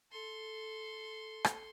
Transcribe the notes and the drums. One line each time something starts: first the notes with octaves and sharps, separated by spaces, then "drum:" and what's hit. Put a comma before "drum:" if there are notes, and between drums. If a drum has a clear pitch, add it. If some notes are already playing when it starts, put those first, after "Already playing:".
A4 C6
drum: rim click